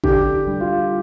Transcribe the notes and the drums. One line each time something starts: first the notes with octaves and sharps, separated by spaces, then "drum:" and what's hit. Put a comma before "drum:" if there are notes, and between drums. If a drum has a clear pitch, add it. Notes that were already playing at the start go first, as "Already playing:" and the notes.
D3 G4, drum: kick
G3
F4